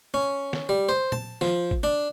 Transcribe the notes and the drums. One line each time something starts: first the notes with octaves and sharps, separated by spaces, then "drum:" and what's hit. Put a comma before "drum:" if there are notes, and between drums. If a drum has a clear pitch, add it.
C#4
drum: snare
G3
C5
A5, drum: tom A#2
F3, drum: snare
drum: kick G#1
D4